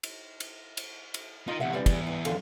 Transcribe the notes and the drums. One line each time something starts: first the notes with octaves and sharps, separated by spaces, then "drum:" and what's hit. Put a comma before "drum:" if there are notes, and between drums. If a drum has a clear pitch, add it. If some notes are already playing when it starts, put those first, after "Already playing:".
drum: cymbal
drum: cymbal
drum: cymbal
drum: cymbal
D#4 F4 A#4
E2 C3 E5 F#5
E3 G3 D5
E2, drum: kick, cymbal
G2
D#2 D3 F3, drum: cymbal